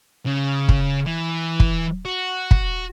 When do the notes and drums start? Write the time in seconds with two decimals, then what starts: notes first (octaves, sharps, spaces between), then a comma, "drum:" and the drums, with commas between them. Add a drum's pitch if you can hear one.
0.26 C#3
0.69 drum: kick
1.07 E3
1.60 drum: kick
2.05 F#4
2.51 drum: kick